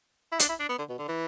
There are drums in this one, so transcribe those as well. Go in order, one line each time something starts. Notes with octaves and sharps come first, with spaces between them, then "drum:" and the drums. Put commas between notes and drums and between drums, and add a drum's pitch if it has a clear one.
E4
D4, drum: hi-hat
E4
D4
B3
D3
B2
D3
E3